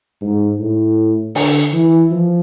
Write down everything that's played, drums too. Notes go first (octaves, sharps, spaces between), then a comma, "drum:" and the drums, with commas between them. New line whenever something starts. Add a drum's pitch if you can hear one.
G#2
A2
D3, drum: open hi-hat
E3
F3